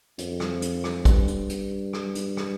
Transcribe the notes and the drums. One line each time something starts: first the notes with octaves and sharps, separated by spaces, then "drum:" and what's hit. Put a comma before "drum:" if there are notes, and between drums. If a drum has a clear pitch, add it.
F2, drum: hi-hat
drum: rim click
drum: hi-hat
drum: rim click
G2, drum: kick, hi-hat
drum: hi-hat
drum: hi-hat
drum: rim click
drum: hi-hat
drum: rim click